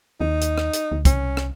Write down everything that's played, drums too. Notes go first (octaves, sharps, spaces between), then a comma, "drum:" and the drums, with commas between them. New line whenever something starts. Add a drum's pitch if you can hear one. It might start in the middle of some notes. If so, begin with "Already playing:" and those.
D#2 D#4
drum: hi-hat
drum: rim click
drum: hi-hat
D2
C2 C#4, drum: kick, hi-hat
drum: rim click